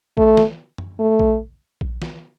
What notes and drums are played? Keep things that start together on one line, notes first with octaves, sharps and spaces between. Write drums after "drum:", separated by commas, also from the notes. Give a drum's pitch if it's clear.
A3, drum: kick A#1
drum: snare
drum: tom F#2
A3
drum: kick A#1
drum: kick A#1
drum: snare